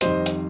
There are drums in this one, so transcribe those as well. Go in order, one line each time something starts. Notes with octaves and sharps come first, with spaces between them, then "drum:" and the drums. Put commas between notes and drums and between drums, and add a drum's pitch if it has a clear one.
F2 D#3 G3 C5 D#5, drum: hi-hat
drum: hi-hat